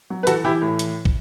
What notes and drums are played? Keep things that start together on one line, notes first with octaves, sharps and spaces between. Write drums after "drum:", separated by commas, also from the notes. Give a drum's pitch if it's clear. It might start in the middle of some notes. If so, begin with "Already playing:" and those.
F#3
B4
E3 F#4 A4, drum: hi-hat
E3 E4 G4
A2
drum: hi-hat
drum: kick